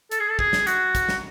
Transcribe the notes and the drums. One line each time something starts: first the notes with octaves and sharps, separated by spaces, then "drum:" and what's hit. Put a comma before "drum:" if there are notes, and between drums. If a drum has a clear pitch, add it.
A4, drum: hi-hat
G#4
A4
G#4, drum: kick
drum: snare
F#4, drum: hi-hat
drum: kick, hi-hat
drum: snare